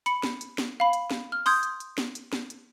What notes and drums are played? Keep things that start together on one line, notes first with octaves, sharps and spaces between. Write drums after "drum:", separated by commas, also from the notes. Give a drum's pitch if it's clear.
B5 C#7, drum: hi-hat
drum: snare
drum: hi-hat
drum: snare
F5 B5
drum: hi-hat
drum: snare
F6
C6 D#6 G6 G#6, drum: open hi-hat
drum: hi-hat
drum: hi-hat
drum: snare
drum: hi-hat
drum: snare
drum: hi-hat